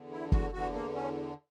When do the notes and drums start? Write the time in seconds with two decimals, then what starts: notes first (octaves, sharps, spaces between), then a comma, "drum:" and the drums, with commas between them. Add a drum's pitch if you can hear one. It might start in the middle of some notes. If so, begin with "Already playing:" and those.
Already playing: E2 D3
0.11 E4
0.32 F#4, drum: kick
0.52 E2 D3 F#4
0.73 A#3
0.95 C#4